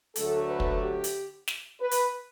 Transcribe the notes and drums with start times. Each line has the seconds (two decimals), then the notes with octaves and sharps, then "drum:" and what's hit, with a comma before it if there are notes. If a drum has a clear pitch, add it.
0.16 D2 D3 F#3 A3 A4, drum: hi-hat
0.49 B4
0.60 drum: kick
0.82 G4
1.04 drum: hi-hat
1.48 drum: snare
1.80 B4
1.91 drum: hi-hat